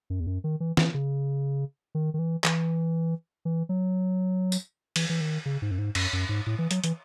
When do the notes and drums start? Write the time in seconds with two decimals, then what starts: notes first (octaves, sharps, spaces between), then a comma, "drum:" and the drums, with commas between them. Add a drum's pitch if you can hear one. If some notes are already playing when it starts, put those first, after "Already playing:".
0.10 F#2
0.20 E2
0.27 F#2
0.44 D#3
0.60 E3
0.77 E3, drum: snare
0.94 C#3
1.95 D#3
2.14 D#3
2.19 E3
2.44 E3, drum: clap
3.45 E3
3.69 F#3
4.52 drum: tambourine
4.96 E3, drum: cymbal
5.09 E3
5.21 D#3
5.46 C#3
5.62 G#2
5.71 F#2
5.78 G#2
5.95 F#2, drum: cymbal
6.13 F#2
6.29 G#2
6.46 A2
6.59 E3
6.71 F#3, drum: hi-hat
6.84 E3, drum: hi-hat